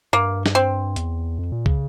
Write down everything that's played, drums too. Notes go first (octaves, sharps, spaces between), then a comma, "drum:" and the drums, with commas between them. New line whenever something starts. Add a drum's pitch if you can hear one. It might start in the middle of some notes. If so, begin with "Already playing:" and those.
G2 A#3
drum: snare
C4
E2, drum: hi-hat
F2
A#2
C#3, drum: kick